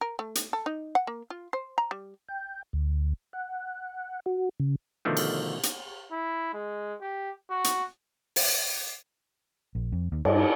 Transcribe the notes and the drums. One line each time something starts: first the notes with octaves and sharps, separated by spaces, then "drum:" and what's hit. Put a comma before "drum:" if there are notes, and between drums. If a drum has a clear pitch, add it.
A#4
A3
drum: hi-hat
A4
D#4
F#5
A#3
F4
C5
A#5
G3
G5
D2
F#5
F#4
C#3
B2 D3 D#3 F3 A3
drum: cymbal
drum: hi-hat
E4
G#3
G4
F#4
drum: hi-hat
drum: open hi-hat
A#1
F2
D#2
G2, drum: cymbal